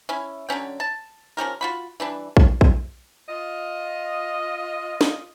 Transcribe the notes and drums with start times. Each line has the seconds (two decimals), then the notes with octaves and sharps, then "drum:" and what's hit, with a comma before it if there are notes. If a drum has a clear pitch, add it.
0.09 C#4 E4
0.49 D3 F#3 C#4 G5
0.80 A5
1.37 F3 C#4 G4 A#4
1.61 F4 F#4 B5
2.00 E3 G3 D4
2.37 drum: kick A#1
2.61 drum: kick A#1
3.29 F4 D#5
5.01 drum: snare